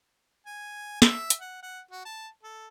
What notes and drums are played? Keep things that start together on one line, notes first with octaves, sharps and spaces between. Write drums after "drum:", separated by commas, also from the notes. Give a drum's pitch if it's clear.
G#5
E5, drum: snare
drum: hi-hat
F#5
F#5
F#4
A5
A4